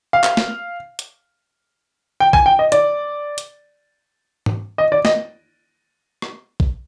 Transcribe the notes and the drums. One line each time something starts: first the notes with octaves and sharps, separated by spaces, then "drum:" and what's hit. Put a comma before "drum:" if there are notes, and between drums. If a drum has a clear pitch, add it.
F5
drum: clap
drum: snare
drum: hi-hat
G5
G#5, drum: kick A#1
G5
D#5
D5, drum: hi-hat
drum: hi-hat
drum: tom G#2
D#5
D5
D#5, drum: snare
drum: rim click
drum: kick A#1